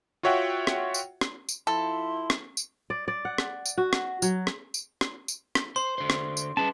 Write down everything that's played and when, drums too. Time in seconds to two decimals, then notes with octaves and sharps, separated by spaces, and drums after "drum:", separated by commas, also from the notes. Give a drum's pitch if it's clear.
0.23 F4 F#4 C#5 E5 F#5 G5
0.67 drum: rim click
0.94 drum: tambourine
1.21 drum: rim click
1.49 drum: tambourine
1.67 F3 E4 A4 C6
2.30 drum: rim click
2.57 drum: tambourine
2.90 D5
3.08 D5
3.25 F#5
3.38 drum: rim click
3.66 drum: tambourine
3.78 F#4
3.93 drum: rim click
4.22 F#3, drum: tambourine
4.47 drum: rim click
4.74 drum: tambourine
5.01 drum: rim click
5.28 drum: tambourine
5.55 drum: rim click
5.76 C5 C6
5.98 D3 C5
6.10 drum: rim click
6.37 drum: tambourine
6.57 C#4 G#4 B4 A5